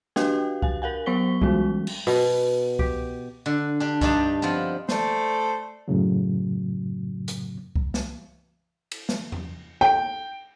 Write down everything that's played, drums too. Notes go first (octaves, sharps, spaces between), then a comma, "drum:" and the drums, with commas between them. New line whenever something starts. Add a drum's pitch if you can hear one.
D4 F#4 G4 B4 F5 G5, drum: snare
F5 G#5, drum: kick C2
A#4 F5 F#5 G#5
F#3 B3 C5 C#6 B6 G7
E3 G3 G#3 C#4 F#4, drum: kick C2
drum: cymbal
B2, drum: open hi-hat
G4, drum: kick C2
D3
D4 G4
G2 D4 D#4 G4 A5, drum: kick C2
F3 B3 C4
A3 C5 D5, drum: snare
F#2 A2 C#3 F#3
drum: hi-hat
drum: kick C2
drum: snare
drum: cymbal
drum: snare
drum: tom E2
G5